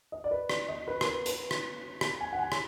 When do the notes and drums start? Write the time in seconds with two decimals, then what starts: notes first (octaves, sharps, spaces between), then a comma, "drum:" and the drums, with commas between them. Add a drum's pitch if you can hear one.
0.12 D#5
0.24 D5
0.31 B4
0.50 D5, drum: rim click
0.68 D#5
0.88 B4
1.01 A#4, drum: rim click
1.07 B4
1.26 B4, drum: hi-hat
1.51 drum: rim click
2.01 drum: rim click
2.21 G#5
2.33 F#5
2.39 G#5
2.52 drum: rim click